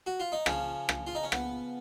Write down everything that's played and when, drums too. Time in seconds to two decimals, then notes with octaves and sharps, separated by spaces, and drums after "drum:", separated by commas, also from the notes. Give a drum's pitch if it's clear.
0.06 F#4
0.20 F4
0.32 D#4
0.46 C#3 F3 C#4, drum: rim click
0.89 drum: rim click
1.07 F4
1.15 D#4
1.23 C#4
1.32 B3, drum: rim click